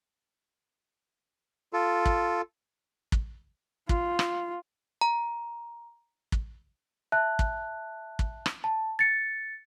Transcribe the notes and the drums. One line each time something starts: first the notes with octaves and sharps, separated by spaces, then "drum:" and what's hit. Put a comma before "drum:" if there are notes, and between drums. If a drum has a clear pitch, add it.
F4 A4
drum: kick
drum: kick
F4, drum: kick
drum: rim click
A#5
drum: kick
E5 A5 F#6
drum: kick
drum: kick
drum: rim click
A5
A6 C#7